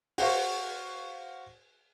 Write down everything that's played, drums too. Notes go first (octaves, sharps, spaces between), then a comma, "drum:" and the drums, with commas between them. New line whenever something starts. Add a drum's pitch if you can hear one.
F#4 C5 F5 C#6, drum: open hi-hat